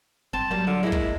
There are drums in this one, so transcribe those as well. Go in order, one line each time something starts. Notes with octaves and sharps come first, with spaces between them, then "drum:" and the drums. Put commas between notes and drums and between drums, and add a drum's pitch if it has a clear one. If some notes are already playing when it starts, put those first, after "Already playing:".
G1 C4 A5
F#3 G3 A#3
D3 F4
G#3 A#3 E4
drum: kick